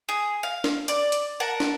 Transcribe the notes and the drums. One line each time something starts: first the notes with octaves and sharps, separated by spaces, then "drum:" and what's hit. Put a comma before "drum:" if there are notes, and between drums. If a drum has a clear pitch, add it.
G#4
F5
drum: snare
D5, drum: hi-hat
drum: hi-hat
A#4 F#5 A5
drum: snare